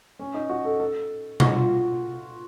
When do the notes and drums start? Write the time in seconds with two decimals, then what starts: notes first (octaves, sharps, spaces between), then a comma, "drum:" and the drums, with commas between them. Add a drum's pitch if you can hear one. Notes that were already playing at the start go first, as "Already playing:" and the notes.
0.19 C#4
0.34 D#4
0.49 F#4
0.65 A4
0.80 A4
1.40 F#4, drum: tom B2
1.55 F4